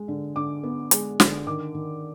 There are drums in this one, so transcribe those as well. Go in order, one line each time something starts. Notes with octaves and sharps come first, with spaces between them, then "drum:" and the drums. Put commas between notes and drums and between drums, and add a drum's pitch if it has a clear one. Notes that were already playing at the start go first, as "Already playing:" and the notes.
Already playing: G#3
D3
D3 D6
B3
G#3, drum: hi-hat
D3, drum: snare
D#3 D6
D#3